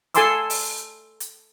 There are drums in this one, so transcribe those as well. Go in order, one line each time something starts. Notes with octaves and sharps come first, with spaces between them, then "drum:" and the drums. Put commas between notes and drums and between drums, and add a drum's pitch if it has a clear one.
A4 G#5 A5 C6 D6 E6, drum: hi-hat
drum: open hi-hat
drum: hi-hat